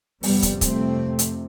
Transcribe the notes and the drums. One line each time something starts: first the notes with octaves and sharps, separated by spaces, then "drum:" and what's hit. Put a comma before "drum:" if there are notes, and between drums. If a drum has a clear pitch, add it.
F2 C3 G3 B3, drum: open hi-hat
drum: kick, hi-hat
A3 C4, drum: kick, hi-hat
drum: hi-hat